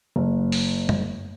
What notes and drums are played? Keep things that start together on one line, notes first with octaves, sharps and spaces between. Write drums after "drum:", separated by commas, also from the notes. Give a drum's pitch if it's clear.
F#1
drum: open hi-hat
drum: tom